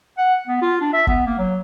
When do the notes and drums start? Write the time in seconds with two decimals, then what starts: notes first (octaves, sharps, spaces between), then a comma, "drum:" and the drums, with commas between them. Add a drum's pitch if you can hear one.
0.18 F#5
0.47 B3
0.62 F4
0.81 D4
0.93 E5
1.07 B3, drum: kick
1.26 A#3
1.38 F#3